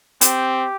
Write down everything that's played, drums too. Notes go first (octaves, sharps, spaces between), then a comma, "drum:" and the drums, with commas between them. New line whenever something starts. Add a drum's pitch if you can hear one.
C4 G4, drum: hi-hat